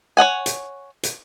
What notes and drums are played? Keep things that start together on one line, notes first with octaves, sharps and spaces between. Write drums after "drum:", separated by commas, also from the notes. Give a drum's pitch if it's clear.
C#5 D#5 F#5 G#5
drum: hi-hat
drum: hi-hat